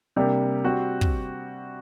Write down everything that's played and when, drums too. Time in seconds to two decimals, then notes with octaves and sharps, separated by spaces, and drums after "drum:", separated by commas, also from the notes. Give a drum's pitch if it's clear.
0.16 C3 G3 A#3 D4 G4
0.64 G3 C4 F#4
1.01 drum: kick